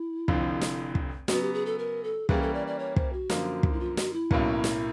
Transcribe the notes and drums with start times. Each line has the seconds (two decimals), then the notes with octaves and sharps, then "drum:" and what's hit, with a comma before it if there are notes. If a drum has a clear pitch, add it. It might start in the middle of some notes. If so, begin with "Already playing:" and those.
Already playing: E4
0.28 F1 F2 D3 F3, drum: kick
0.61 drum: snare
0.95 drum: kick
1.28 C#3 F#3 B3 F#4, drum: snare
1.41 G4
1.54 G#4
1.66 A4
1.78 A#4
2.04 A4
2.29 E3 G3 A#3 C#4 G#4, drum: kick
2.42 A4
2.54 D5
2.67 D5
2.79 C#5
2.96 C5, drum: kick
3.13 F#4
3.30 F#2 D3 F3 A#3, drum: snare
3.63 drum: kick
3.72 E4
3.80 F4
3.97 F#4, drum: snare
4.13 E4
4.31 B1 A2 F#3 A#3 C#4, drum: kick
4.64 drum: snare